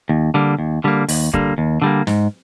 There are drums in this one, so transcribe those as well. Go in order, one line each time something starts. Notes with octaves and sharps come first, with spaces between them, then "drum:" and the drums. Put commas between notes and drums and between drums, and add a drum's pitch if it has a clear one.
D#2
D3 G3 A#3
D#2
D3 G3 A#3
D#2, drum: open hi-hat
D3 G3 A#3, drum: kick
D#2
D3 G3 A#3
G#2, drum: snare